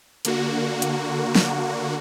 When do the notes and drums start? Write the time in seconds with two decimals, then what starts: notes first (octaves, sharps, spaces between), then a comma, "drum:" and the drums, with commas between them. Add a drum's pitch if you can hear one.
0.25 D3 A#3 F#4, drum: hi-hat
0.82 drum: hi-hat
1.35 drum: snare